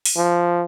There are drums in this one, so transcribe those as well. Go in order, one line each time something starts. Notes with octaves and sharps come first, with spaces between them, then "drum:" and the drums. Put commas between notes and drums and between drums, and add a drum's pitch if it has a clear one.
drum: open hi-hat
F3